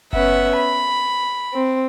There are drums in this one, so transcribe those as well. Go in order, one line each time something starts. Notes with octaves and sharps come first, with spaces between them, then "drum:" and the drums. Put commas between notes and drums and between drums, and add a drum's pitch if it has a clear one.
B3 C#4 B4 E5 F#5, drum: kick F#1
B5
C4